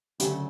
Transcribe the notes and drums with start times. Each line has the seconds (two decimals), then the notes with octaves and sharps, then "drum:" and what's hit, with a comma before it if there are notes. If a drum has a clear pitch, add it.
0.20 D2 C#3 F#3 A3 C#4 G4, drum: hi-hat